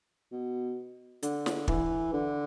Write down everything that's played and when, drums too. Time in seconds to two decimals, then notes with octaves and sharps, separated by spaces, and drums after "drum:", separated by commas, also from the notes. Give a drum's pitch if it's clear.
0.31 B2
1.23 D3, drum: hi-hat
1.46 drum: snare
1.68 E3, drum: kick
2.13 D3